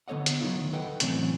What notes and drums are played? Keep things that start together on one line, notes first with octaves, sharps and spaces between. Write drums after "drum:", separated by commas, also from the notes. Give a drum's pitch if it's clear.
D3 B3 A4 C#5 D#5 F#5
drum: hi-hat
F#3 D#4 F4
D2 D#3
A4 B4 D#5 F#5 G5
A2 C3 E3 F#3 C4 C#4, drum: hi-hat